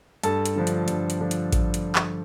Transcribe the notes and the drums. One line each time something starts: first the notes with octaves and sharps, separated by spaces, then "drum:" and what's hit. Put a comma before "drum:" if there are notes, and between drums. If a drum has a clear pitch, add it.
G2 A4 A5, drum: hi-hat
drum: hi-hat
D3 F3 D4
drum: hi-hat
G2, drum: hi-hat
drum: hi-hat
D3 F3 D4
drum: hi-hat
drum: kick A1, hi-hat
drum: hi-hat
drum: clap